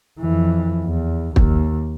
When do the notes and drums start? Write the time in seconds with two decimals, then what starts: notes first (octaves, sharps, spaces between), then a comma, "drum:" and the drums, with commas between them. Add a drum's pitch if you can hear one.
0.20 F2 E3
0.85 E2
1.36 D#2, drum: kick